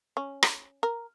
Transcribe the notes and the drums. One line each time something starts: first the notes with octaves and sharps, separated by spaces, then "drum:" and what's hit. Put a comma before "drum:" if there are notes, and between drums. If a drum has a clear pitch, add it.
C#4
drum: rim click
A#4